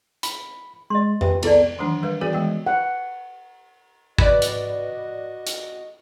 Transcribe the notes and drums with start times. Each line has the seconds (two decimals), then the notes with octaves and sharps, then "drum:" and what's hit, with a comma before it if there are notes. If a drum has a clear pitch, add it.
0.23 B5, drum: hi-hat
0.90 G#3 D#5 C6
1.21 G4 B4 E5, drum: tom F2
1.43 C2 B3 E4 G#4 A4 D5, drum: cymbal
1.79 D#3 E3 F#3 A3 D4
2.03 G3 A#4 B4 F5
2.21 E3 B3 F#4 G#4 A#4 D5
2.33 E3 G#3 D#5 G5
2.67 F#5
4.18 F#4 B4 D5 D#5, drum: kick
4.42 drum: hi-hat
5.47 drum: hi-hat